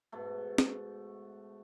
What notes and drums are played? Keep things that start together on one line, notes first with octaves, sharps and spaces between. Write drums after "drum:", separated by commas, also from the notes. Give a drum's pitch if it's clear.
G#2 B2 A3
drum: snare C4